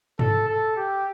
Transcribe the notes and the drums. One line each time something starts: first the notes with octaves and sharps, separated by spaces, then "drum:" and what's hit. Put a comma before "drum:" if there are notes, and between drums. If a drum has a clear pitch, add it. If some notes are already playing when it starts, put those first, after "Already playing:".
A4, drum: tom G2
A4
G4